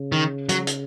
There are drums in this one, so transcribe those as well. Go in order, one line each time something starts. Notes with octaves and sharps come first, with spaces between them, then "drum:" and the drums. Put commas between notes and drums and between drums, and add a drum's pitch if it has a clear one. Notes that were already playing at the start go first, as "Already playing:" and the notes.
Already playing: C#3
D#3
F#3, drum: hi-hat
drum: hi-hat